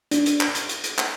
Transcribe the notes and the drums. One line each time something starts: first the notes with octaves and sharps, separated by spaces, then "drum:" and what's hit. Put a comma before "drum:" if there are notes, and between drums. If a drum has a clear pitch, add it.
D4, drum: hi-hat
drum: hi-hat
drum: clap
drum: hi-hat
drum: hi-hat
drum: hi-hat
drum: clap